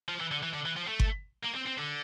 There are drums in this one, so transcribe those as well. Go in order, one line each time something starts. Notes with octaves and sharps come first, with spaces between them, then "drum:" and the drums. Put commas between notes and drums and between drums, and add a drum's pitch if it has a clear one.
F3
E3
D3
E3
D3
E3
F3
A3
drum: kick G1
A#3
C4
C4
D3